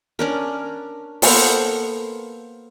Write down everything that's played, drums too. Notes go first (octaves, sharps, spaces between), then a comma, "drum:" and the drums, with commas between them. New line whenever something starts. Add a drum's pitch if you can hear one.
C#4 D4 A#4
A#3 B3 A4 C5, drum: open hi-hat